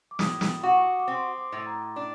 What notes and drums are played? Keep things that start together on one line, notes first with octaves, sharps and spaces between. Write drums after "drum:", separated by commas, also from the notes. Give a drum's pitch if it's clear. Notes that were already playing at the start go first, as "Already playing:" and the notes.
D6
A2 D#6, drum: snare
drum: snare
F#4 D6
D6
C4 C6
D6
A2
A#5
D4 D6